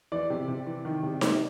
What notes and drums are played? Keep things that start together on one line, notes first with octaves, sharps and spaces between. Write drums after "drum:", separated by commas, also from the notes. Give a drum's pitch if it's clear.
E3 D5
C3
C3
E3
D#3
C3
C3, drum: snare D#4